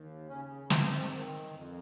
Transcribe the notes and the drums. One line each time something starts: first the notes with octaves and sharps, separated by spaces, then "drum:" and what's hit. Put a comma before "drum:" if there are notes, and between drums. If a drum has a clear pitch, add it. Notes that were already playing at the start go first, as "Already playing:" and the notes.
Already playing: D#2
C#3 C#4
G#2 C4, drum: snare
D#3
F2